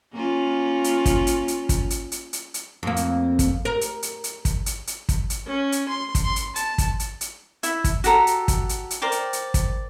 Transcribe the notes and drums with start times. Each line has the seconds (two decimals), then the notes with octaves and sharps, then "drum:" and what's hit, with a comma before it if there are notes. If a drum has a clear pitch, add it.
0.13 A#3 C#4 F4
0.84 drum: hi-hat
1.06 drum: kick, hi-hat
1.27 drum: hi-hat
1.48 drum: hi-hat
1.69 drum: kick, hi-hat
1.90 drum: hi-hat
2.12 drum: hi-hat
2.33 drum: hi-hat
2.54 drum: hi-hat
2.83 F2 A#3
2.96 drum: hi-hat
3.39 drum: kick, hi-hat
3.65 A#4
3.81 drum: hi-hat
4.03 drum: hi-hat
4.24 drum: hi-hat
4.45 drum: kick, hi-hat
4.66 drum: hi-hat
4.87 drum: hi-hat
5.09 drum: kick, hi-hat
5.30 drum: hi-hat
5.46 C#4
5.72 drum: hi-hat
5.88 C6
6.15 drum: kick, hi-hat
6.24 C6
6.36 drum: hi-hat
6.56 A5, drum: hi-hat
6.78 drum: kick, hi-hat
7.00 drum: hi-hat
7.21 drum: hi-hat
7.63 E4 E5, drum: hi-hat
7.84 drum: kick, hi-hat
8.04 F#4 G4 A4 A#5, drum: hi-hat
8.27 drum: hi-hat
8.48 drum: kick, hi-hat
8.69 drum: hi-hat
8.90 drum: hi-hat
9.02 A#4 C5 D5 G5
9.12 drum: hi-hat
9.33 drum: hi-hat
9.54 drum: kick, hi-hat